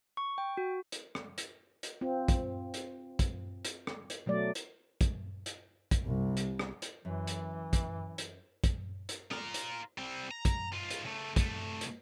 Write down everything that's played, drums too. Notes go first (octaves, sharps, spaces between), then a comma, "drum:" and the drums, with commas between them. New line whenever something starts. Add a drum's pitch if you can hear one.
C#6
G5
F#4
drum: hi-hat
drum: rim click
drum: hi-hat
drum: hi-hat
C4 F4
drum: kick, hi-hat
drum: hi-hat
drum: kick, hi-hat
drum: hi-hat
drum: rim click
drum: hi-hat
B2 F#3 A3 D5
drum: hi-hat
drum: kick, hi-hat
drum: hi-hat
drum: kick, hi-hat
C2
drum: hi-hat
drum: rim click
drum: hi-hat
F#2 E3
drum: hi-hat
drum: kick, hi-hat
drum: hi-hat
drum: kick, hi-hat
drum: hi-hat
F4 A#4, drum: rim click
drum: hi-hat
G3 C4
A#5
drum: kick, hi-hat
G#2 F4
drum: hi-hat
C#3 A3
C2 A3, drum: kick, hi-hat
drum: hi-hat